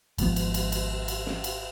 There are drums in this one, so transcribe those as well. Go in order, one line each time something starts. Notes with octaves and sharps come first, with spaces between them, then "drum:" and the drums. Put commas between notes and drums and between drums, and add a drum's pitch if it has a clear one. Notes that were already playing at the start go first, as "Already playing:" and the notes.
G#1 G#2 F3 B3, drum: cymbal
drum: cymbal
drum: cymbal
drum: cymbal
drum: cymbal
drum: snare
drum: cymbal